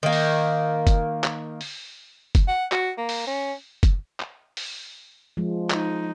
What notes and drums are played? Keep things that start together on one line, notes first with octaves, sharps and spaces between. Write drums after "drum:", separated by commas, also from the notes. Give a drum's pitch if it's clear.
D#3 A#3
drum: open hi-hat
drum: kick F#1, hi-hat
drum: clap
drum: open hi-hat
drum: kick F#1, hi-hat
F#5
F#4, drum: clap
A#3
drum: open hi-hat
C#4
drum: kick F#1, hi-hat
drum: clap
drum: open hi-hat
F3 G#3
D#4, drum: clap